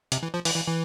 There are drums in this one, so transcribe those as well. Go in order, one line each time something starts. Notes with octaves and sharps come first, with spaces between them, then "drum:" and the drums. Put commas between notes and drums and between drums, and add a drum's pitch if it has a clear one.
C3, drum: hi-hat
E3
F3
E3, drum: open hi-hat
E3
E3